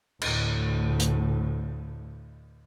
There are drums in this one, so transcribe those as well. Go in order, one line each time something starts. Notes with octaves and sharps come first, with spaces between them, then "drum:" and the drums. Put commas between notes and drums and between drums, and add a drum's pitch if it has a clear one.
D2 A2, drum: cymbal
drum: hi-hat